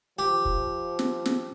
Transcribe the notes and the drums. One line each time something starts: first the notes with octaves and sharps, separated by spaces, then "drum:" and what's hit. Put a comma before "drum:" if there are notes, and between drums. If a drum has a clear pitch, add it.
F3 G4
drum: kick
drum: snare
drum: snare